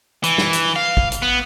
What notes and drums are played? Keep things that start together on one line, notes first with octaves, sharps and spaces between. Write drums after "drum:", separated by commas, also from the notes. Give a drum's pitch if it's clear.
E3, drum: hi-hat
drum: snare
drum: hi-hat
F5
drum: kick
drum: hi-hat
B3